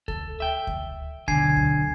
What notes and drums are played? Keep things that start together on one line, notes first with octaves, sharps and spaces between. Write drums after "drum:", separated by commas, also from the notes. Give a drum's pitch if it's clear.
A4, drum: kick D2
E5 G5
drum: kick D2
B1 D3 G#5 G#6 C7, drum: kick D2
drum: kick D2